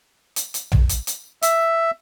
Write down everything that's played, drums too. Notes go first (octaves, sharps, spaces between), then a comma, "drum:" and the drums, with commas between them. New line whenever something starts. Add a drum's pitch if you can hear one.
drum: hi-hat
drum: hi-hat
drum: tom B1
drum: hi-hat
drum: hi-hat
E5, drum: hi-hat